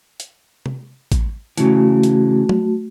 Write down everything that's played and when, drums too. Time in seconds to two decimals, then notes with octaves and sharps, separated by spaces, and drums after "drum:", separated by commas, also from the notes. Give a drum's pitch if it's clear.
0.20 drum: hi-hat
0.66 drum: tom C3
1.12 drum: kick, hi-hat
1.57 C#3 E3 A3 F#4, drum: hi-hat
2.03 drum: hi-hat
2.49 drum: tom